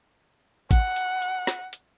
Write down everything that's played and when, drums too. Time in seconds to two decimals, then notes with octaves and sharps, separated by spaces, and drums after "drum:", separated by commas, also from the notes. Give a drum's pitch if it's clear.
0.71 F#5, drum: kick, hi-hat
0.96 drum: hi-hat
1.22 drum: hi-hat
1.47 drum: snare
1.73 drum: hi-hat